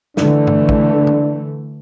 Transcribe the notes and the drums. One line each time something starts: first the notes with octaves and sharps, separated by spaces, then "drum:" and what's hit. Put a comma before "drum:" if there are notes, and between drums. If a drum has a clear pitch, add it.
D3 E3 A3 D4, drum: snare
drum: tom G2
drum: kick
drum: tom D3